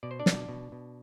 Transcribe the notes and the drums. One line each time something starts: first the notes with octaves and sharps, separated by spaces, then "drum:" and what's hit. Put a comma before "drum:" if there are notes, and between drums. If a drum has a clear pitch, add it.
B2 D5
C5
D4 D5
B2, drum: snare
B2
B2